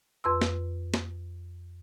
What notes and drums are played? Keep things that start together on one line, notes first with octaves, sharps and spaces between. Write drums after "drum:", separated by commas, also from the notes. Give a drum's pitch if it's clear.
F2 B4 C6 E6
drum: snare
drum: snare